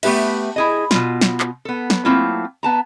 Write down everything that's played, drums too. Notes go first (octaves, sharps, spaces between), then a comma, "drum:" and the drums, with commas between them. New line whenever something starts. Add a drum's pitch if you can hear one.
A3 B3 G4 B4 E5, drum: cymbal
E4 G#4 D#5
B2 F4, drum: snare
drum: snare
drum: clap
B3 A4
drum: snare
F#3 A3 A#3 C4 E4 F4
B3 A5 A#5